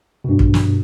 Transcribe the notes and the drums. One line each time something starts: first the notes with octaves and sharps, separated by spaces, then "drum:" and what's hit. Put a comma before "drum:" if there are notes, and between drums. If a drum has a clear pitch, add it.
G2 B2
drum: kick
drum: snare